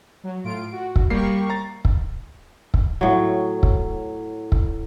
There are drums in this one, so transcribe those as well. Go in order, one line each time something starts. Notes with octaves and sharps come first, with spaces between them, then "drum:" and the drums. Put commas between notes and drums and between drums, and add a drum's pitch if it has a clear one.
F#3
A2 F4 D7
F#4
drum: kick
G3 A#3 G4 A#4 C#6 C7
A#5 A6
drum: kick
drum: kick
A2 F#3
drum: kick
drum: kick